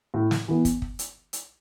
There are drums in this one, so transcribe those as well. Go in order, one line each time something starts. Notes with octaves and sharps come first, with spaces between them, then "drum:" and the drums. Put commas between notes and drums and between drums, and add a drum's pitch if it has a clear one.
A2
drum: snare
E3 B3
drum: kick, hi-hat
drum: kick
drum: hi-hat
drum: hi-hat